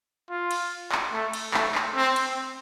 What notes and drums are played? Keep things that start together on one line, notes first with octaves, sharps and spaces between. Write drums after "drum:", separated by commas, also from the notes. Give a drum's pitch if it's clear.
F4
drum: cymbal
drum: clap
A3
drum: cymbal
A3, drum: clap
drum: clap
C4
drum: cymbal